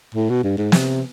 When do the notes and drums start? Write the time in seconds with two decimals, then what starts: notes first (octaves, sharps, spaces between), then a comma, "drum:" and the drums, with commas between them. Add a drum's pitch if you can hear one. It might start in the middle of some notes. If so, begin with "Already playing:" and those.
0.15 A2
0.29 B2
0.44 G2
0.58 G#2
0.72 C3, drum: snare